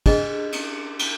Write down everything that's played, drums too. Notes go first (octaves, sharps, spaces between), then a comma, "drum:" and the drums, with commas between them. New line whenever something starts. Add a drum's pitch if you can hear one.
D4 G#4 D#5, drum: kick, cymbal
drum: cymbal
drum: cymbal